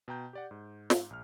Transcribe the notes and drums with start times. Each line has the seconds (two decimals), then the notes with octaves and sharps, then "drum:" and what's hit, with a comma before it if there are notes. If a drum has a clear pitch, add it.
0.08 B2 G5 A#5 G6
0.33 G4 D5 F#5
0.51 G#2
0.90 drum: snare
1.10 A#1 F6